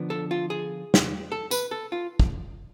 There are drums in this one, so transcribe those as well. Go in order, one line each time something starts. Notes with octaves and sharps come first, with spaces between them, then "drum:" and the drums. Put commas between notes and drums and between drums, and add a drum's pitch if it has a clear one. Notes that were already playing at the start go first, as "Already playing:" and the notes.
Already playing: D3 F3 B3 D4
A4
F4
G#4
drum: snare
A4
B4, drum: tambourine
A4
F4
drum: kick